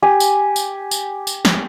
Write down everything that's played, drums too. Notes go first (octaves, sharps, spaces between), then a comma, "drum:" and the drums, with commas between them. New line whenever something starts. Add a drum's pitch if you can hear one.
G4 G#5
drum: tambourine
drum: tambourine
drum: tambourine
drum: tambourine
drum: snare